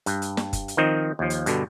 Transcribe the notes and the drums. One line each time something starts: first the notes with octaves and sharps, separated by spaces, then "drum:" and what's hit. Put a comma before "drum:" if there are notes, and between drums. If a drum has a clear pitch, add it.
G2, drum: hi-hat
drum: hi-hat
drum: snare
drum: kick F#1, hi-hat
drum: hi-hat
D#3 F3 C4 D#4
D#2 F3
drum: hi-hat
G2 B2 D3, drum: hi-hat